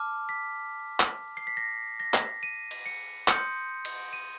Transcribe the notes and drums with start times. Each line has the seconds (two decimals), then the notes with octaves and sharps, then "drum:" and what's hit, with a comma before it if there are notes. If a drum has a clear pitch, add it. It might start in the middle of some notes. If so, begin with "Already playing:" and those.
Already playing: A5 D6 F6
0.29 B6
1.00 drum: clap
1.37 C7
1.47 B6
1.57 A#6
2.00 A#6
2.14 drum: clap
2.43 D#7
2.71 drum: cymbal
2.86 C#7
3.28 C6 D#6 G6 C#7, drum: clap
3.85 drum: cymbal
4.13 D#7